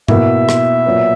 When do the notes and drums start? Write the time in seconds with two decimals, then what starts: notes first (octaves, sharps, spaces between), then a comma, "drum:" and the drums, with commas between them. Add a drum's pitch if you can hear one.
0.08 B2 A#3 E4 E5, drum: tom G#2
0.49 drum: rim click
0.86 A#2 F#3 B3